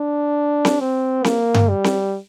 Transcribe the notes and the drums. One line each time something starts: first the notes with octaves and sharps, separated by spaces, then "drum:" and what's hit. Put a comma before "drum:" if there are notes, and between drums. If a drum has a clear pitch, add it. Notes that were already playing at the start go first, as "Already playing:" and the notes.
Already playing: D4
drum: snare C4
C4
A#3, drum: snare C4
drum: tom G2
G3
drum: snare C4